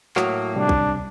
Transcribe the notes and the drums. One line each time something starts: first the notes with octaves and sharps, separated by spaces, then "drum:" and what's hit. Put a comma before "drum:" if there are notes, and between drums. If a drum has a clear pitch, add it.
A2 F#3 A#3 F#4 C#5 D#6, drum: clap
C3 G3 D4
drum: kick